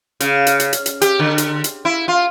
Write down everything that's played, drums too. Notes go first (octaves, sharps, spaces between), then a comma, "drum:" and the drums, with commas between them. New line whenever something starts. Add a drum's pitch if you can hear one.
C#3, drum: hi-hat
drum: hi-hat
drum: hi-hat
drum: hi-hat
drum: hi-hat
G4, drum: hi-hat
D3
drum: hi-hat
drum: hi-hat
E4
F4